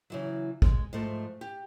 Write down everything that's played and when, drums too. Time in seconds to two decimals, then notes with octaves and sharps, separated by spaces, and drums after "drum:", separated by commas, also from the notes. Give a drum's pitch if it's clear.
0.10 C#3 E3 F#3
0.62 G#3, drum: kick
0.93 G#2 F3 G#3 A3
1.41 G4